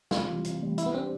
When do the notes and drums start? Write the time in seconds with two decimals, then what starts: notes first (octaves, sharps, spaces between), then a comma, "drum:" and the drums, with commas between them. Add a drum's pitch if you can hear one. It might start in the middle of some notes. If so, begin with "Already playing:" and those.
0.11 C3 F4, drum: snare
0.27 E3 G3
0.44 C3, drum: hi-hat
0.61 E3 G3
0.78 G3 E4, drum: hi-hat
0.86 B3
0.94 C4 D4 G4 D5